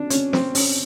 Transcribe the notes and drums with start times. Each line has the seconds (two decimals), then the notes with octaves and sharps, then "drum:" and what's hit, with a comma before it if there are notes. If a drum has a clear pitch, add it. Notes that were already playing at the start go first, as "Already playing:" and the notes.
Already playing: D4
0.10 C#4, drum: hi-hat
0.33 C4, drum: snare
0.55 C#4, drum: open hi-hat